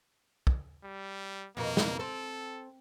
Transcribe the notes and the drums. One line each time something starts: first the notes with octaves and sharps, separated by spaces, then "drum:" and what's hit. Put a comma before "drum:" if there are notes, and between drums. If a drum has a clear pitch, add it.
drum: kick
G3
F2 B2 D#3 A#3
drum: snare
C4 A4